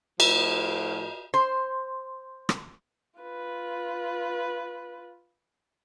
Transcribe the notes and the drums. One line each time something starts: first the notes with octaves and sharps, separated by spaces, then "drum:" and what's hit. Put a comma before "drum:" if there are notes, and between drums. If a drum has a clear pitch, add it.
A2 F3, drum: cymbal
C5 C6
drum: rim click
F4 B4